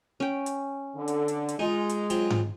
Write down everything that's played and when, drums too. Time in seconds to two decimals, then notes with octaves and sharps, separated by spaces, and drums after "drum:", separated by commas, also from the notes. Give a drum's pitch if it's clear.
0.20 C#4 G5
0.46 drum: hi-hat
0.96 D3
1.08 drum: hi-hat
1.28 drum: hi-hat
1.49 drum: hi-hat
1.59 G#3 D#4 F4 G#5
1.89 drum: hi-hat
2.10 F#3 C4 F4, drum: hi-hat
2.30 drum: tom G#2